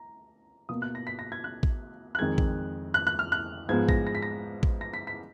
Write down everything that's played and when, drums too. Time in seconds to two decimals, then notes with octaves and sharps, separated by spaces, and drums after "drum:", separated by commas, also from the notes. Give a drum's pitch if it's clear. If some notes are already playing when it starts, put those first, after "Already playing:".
Already playing: A#5
0.69 B2 A#3 D#6
0.82 F#6
0.95 A#6
1.07 B6
1.19 A#6
1.32 G#6
1.44 F#6
1.63 drum: kick
2.15 F#6
2.19 F2 D#3 G#3 G#6
2.38 drum: kick
2.94 F#6
3.07 F#6
3.19 F6
3.32 F#6
3.69 G#2 F3 G#3 B3 G#6
3.89 A#6, drum: kick
4.07 A#6
4.15 B6
4.22 A#6
4.63 drum: kick
4.81 A#6
4.94 B6
5.07 B6